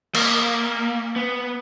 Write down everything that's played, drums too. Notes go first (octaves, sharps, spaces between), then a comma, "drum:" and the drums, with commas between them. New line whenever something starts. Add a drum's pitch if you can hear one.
A#3, drum: cymbal
B3